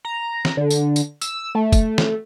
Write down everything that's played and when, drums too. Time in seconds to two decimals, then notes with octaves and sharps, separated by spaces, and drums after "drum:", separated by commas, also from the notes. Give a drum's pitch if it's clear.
0.05 A#5
0.45 drum: snare
0.57 D3
0.70 drum: tambourine
0.96 drum: tambourine
1.21 E6, drum: tambourine
1.55 A3
1.73 drum: kick, tambourine
1.98 drum: snare